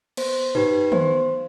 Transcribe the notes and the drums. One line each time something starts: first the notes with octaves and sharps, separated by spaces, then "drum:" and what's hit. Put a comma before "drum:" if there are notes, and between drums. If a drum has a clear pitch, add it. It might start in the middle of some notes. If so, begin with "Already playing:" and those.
B3 C5, drum: cymbal
D#4 G4 B4, drum: tom G2
B3 C5, drum: tom D#3